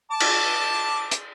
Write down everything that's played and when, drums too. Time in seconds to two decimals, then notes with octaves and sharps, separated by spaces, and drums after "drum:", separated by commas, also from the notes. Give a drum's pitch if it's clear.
0.11 A5 D6
0.20 drum: cymbal
1.11 drum: hi-hat